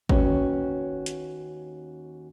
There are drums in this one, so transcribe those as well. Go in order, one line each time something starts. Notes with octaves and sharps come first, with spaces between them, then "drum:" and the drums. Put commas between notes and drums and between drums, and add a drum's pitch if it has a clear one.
D#2 C#4 F#4 B4 C#5 G5, drum: kick G#1
drum: hi-hat